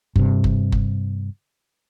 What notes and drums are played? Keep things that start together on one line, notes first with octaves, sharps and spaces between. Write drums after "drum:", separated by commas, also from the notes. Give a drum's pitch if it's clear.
G2 C3, drum: kick F#1
drum: kick F#1
drum: kick F#1